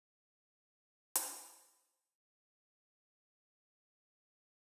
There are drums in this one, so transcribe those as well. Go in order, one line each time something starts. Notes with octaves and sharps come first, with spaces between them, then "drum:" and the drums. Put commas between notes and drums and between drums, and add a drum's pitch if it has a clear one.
G#3 F4
A3
drum: hi-hat
A3 D#4 F5
E3
G#4 B4 C#5
C#4
F#4